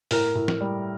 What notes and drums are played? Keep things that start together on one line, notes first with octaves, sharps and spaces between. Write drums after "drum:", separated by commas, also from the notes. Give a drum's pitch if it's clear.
A2 A#4, drum: open hi-hat
A2
drum: snare
G3